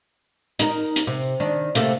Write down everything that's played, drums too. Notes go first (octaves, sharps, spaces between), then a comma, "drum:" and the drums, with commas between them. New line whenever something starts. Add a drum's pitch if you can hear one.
D#4 A#4, drum: hi-hat
drum: hi-hat
C3
D#3 D4
C3 A3 A#3, drum: hi-hat